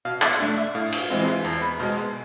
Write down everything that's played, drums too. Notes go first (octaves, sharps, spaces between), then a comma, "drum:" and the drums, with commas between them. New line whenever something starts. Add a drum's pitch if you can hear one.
B2 F5
E5, drum: clap
A3 D4 E5
E5
A2 F5
G#4, drum: cymbal
E3 G#3 C4 F4
D4
E4
E2 A4
B4
B2 G#3 C5
A4